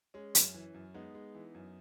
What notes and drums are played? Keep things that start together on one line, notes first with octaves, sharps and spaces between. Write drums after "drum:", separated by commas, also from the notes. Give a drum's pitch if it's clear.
G#3 C#4
F#2, drum: hi-hat
E3
F#2
G#3 B3 D#4
G#3
E3
F#2